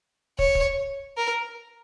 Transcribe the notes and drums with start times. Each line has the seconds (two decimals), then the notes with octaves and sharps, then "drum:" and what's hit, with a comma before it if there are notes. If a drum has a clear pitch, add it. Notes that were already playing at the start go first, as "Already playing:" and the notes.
0.39 C#5, drum: kick
0.55 drum: kick
1.17 A#4